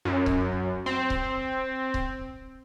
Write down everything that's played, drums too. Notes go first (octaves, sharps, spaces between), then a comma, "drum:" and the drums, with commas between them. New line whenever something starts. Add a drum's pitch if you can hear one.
F#2
drum: kick C#1
C4
drum: kick C#1
drum: kick C#1